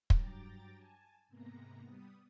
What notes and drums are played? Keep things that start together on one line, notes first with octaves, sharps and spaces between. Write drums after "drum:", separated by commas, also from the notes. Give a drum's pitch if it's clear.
G2 F#3 G5 A#5 D6 A6, drum: kick
G#5 A5
G#2 C3 A#3 B3 A#5 A#6
G3 B3 D#6